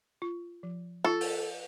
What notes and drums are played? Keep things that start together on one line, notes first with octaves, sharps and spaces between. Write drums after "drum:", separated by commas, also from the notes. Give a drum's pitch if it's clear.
F4
F3
F4 A4
drum: open hi-hat